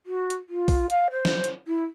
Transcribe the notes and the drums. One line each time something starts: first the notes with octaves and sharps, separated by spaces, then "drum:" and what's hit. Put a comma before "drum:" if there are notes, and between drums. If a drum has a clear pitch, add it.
F#4
drum: hi-hat
F4
drum: kick, open hi-hat
F5, drum: hi-hat
C5
drum: snare
drum: hi-hat
E4